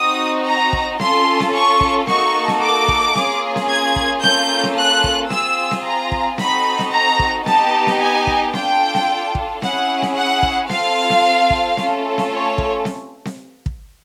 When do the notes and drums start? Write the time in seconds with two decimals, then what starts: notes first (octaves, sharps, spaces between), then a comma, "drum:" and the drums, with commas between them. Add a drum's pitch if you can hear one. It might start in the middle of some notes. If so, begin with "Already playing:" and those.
Already playing: C4 D#4 F#4 D#6
0.46 A#5
0.73 drum: kick
1.00 C#4 F4 A4 C6, drum: snare C4
1.40 drum: snare C4
1.53 C#6
1.81 drum: kick
2.07 A#3 D#4 F#4 A4 C#6, drum: snare C4
2.48 drum: snare C4
2.62 D6
2.88 drum: kick
3.15 A#3 C#4 F4 G#4, drum: snare C4
3.56 drum: snare C4
3.69 G#6
3.96 drum: kick
4.23 A#3 C#4 F4 A4 G6, drum: snare C4
4.63 drum: snare C4
4.77 F#6
5.04 drum: kick
5.30 C4 F4 G#4 E6, drum: snare C4
5.71 drum: snare C4
5.84 A#5
6.12 drum: kick
6.38 C4 D#4 F#4 A4 B5, drum: snare C4
6.79 drum: snare C4
6.92 A#5
7.19 drum: kick
7.46 B3 D#4 G4 A5, drum: snare C4
7.87 drum: snare C4
8.00 G#5
8.27 drum: kick
8.53 D4 F4 A4 G5, drum: snare C4
8.94 drum: snare C4
9.35 drum: kick
9.62 C#4 E4 G#4 F#5, drum: snare C4
10.02 drum: snare C4
10.16 F#5
10.43 drum: kick
10.69 C4 F4 A4 F5, drum: snare C4
11.10 drum: snare C4
11.50 drum: kick
11.77 A3 C#4 F4 A4, drum: snare C4
12.18 drum: snare C4
12.31 C#5
12.58 drum: kick
12.85 drum: snare C4
13.25 drum: snare C4
13.66 drum: kick